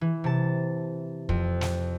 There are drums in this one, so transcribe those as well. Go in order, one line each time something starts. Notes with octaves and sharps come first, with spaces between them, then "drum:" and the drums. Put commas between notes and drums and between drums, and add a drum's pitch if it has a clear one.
E3
C3 A5
F2, drum: kick
drum: snare